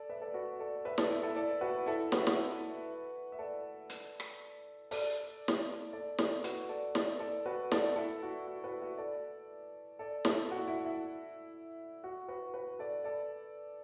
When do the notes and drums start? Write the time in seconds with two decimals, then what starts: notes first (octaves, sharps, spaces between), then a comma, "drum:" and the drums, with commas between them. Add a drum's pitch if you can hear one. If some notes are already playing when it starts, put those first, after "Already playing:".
Already playing: A4 D5
0.10 B4 E5
0.21 A4 D5
0.34 F#4 B4
0.59 A4 D5
0.85 B4 E5
0.98 A4 D5, drum: snare
1.10 E4
1.23 E4 A4
1.35 A4 D5
1.61 F#4 B4
1.86 E4 A4
2.12 F#4 B4, drum: snare
2.27 drum: snare
3.32 E5
3.39 A4 D5
3.90 drum: hi-hat
4.20 drum: rim click
4.91 A4 D5, drum: open hi-hat
5.48 drum: snare
5.93 A4 D5
6.18 A4 D5, drum: snare
6.44 F#4 B4, drum: hi-hat
6.69 A4 D5
6.95 A4 D5, drum: snare
7.20 A4 D5
7.46 F#4 B4
7.72 A4 D5, drum: snare
7.96 E4 A4
8.23 F#4
8.47 F#4
8.64 F#4 B4
8.82 F#4
8.98 A4 D5
9.99 A4 D5
10.25 E4 A4, drum: snare
10.51 F#4
10.68 E4
10.85 E4
12.04 F#4
12.28 F#4 B4
12.54 F#4 B4
12.79 A4 D5
13.04 A4 D5